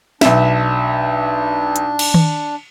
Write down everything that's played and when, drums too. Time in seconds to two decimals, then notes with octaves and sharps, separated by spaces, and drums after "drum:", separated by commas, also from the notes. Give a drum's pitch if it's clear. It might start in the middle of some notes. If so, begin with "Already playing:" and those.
0.21 B1 D4 E5, drum: snare
1.76 drum: hi-hat
1.99 drum: cymbal
2.14 drum: tom D#3